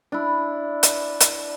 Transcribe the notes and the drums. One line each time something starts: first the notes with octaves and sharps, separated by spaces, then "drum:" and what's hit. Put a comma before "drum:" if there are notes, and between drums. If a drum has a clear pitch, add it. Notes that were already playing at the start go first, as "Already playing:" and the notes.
D4 E4
drum: hi-hat
drum: hi-hat